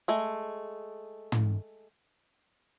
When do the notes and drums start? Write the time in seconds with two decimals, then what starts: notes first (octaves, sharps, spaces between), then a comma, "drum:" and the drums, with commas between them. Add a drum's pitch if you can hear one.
0.08 G#3 A3
1.32 drum: tom